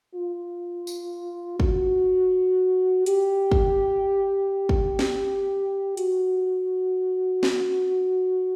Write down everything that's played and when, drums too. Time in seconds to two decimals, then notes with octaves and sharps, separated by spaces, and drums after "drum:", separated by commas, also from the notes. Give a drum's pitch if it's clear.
0.15 F4
0.87 drum: tambourine
1.60 F#4, drum: kick
3.06 G4, drum: hi-hat
3.51 drum: kick
4.69 drum: kick
4.99 drum: snare
5.97 F#4, drum: hi-hat
7.43 drum: snare